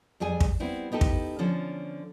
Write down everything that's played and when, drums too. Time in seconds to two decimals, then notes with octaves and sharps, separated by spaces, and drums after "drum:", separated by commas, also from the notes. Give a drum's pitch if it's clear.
0.20 F2 G3 G#4 G#5
0.40 drum: kick
0.60 G3 B3 C4 E4
0.92 B3 D#4 G4 A4
1.01 drum: kick
1.39 D3 F3 C#4